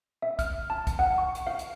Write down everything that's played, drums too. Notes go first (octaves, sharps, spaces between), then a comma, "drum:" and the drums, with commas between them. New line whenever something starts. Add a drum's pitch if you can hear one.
E5
F6, drum: kick, hi-hat
A5
drum: kick, hi-hat
F#5
C#6
drum: hi-hat
F5
drum: hi-hat